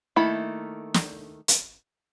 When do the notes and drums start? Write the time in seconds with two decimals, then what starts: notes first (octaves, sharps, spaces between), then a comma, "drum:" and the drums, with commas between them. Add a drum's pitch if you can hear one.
0.16 D#3 A3 A#3 E4 B5
0.94 drum: snare
1.48 drum: hi-hat